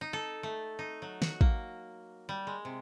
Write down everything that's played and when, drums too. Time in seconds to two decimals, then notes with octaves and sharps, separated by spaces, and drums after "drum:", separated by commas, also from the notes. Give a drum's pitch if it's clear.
0.01 D#4
0.13 A4
0.43 A3
0.79 D#4
1.02 F#3
1.22 F#4, drum: snare
1.41 A#3, drum: kick
2.29 G3
2.47 G#3
2.65 C3